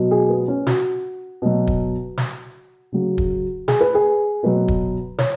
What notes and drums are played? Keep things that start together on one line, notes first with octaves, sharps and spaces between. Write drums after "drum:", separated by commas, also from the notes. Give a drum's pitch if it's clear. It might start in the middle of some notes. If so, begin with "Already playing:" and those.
Already playing: B2 F#3
G#4
B3
C#4
F#4, drum: snare
B2 F#3
drum: kick
drum: snare
C#3 F#3
drum: kick
G#4, drum: snare
B4
G#4
B2 F#3 B4
drum: kick
C#5, drum: snare